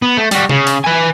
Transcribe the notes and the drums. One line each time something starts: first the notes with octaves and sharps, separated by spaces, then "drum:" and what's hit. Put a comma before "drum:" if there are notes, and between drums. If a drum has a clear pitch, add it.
B3
A3
G3 F#4, drum: open hi-hat
C#3, drum: tom C3
drum: open hi-hat
B4 G#5